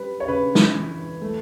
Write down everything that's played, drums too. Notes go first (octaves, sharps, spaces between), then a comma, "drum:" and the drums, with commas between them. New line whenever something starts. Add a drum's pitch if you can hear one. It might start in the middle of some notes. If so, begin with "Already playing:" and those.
Already playing: G3 B4
C#5
C#3 B4
drum: snare
E3
A3